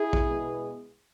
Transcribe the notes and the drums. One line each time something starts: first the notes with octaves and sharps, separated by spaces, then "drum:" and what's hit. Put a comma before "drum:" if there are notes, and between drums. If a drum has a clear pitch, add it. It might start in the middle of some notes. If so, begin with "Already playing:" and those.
Already playing: E4 G#4
drum: kick A#1
B2 G#3 B3